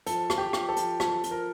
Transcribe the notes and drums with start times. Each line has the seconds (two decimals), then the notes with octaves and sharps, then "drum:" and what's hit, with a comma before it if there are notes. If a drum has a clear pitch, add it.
0.06 F3 A4, drum: hi-hat
0.30 F3, drum: rim click
0.38 G4
0.53 F3, drum: rim click
0.69 A4
0.77 F3, drum: hi-hat
1.00 F3 A4, drum: rim click
1.24 F3, drum: hi-hat
1.31 A#4